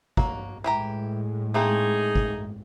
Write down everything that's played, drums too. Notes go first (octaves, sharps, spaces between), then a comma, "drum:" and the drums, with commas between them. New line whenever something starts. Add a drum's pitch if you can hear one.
F#3 A#3, drum: kick
A2 E3 G#3 G4 A#5
A3 A#3 C4 D#4 G#4
drum: kick